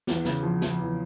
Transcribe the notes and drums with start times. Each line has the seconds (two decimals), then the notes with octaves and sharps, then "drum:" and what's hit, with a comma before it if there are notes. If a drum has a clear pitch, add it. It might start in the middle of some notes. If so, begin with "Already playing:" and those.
0.07 E2, drum: snare
0.25 C#3, drum: snare
0.43 F3
0.62 F3, drum: snare
0.79 E2